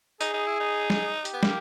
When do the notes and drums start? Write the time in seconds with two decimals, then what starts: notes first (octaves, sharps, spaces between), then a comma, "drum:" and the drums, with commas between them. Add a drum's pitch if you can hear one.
0.21 D#4 G#4, drum: hi-hat
0.34 D#4
0.47 E4
0.60 D#4
0.90 drum: snare
1.25 G4, drum: hi-hat
1.33 B3
1.43 A#3, drum: snare